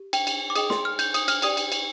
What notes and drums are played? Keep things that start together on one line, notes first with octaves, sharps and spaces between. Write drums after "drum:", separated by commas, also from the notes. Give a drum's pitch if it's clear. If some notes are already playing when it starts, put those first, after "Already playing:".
Already playing: G4
G5, drum: cymbal
drum: cymbal
D6
G#4 D#5 G5 D#6, drum: cymbal
C6, drum: snare
F6
G6, drum: cymbal
D#6, drum: cymbal
F6, drum: cymbal
G4 D5 G5 D#6, drum: cymbal
drum: cymbal
drum: cymbal